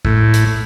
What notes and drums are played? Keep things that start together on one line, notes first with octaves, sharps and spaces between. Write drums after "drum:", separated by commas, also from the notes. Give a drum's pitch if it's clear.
A2, drum: kick
drum: hi-hat